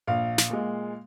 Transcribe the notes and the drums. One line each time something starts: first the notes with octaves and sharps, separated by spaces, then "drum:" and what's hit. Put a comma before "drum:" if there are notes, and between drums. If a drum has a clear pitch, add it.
A#1 F5
drum: snare
A#2 G#3